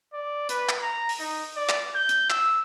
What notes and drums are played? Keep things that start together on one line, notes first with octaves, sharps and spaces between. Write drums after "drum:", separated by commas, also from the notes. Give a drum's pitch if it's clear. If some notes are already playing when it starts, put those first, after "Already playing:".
D5
B4, drum: hi-hat
drum: clap
A#5
drum: open hi-hat
D#4
D5
drum: clap
G6
drum: hi-hat
E6, drum: clap